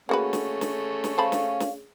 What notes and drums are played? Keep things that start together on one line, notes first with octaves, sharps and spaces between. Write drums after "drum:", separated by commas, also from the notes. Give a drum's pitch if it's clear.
A3 A#3 C#4 F#4 G#4 B4
drum: snare
drum: snare
drum: snare
C5 F5 A5 B5
drum: snare
drum: snare